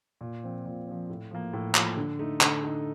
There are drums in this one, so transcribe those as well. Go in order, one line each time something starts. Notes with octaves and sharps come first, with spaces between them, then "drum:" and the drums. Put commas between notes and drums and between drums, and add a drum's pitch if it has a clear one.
A#2
F3 C4
A#2
F3 C4
A2
F3 A#3
A2
F3 A#3, drum: clap
D3
A3 D#4
D3, drum: clap
A3 D#4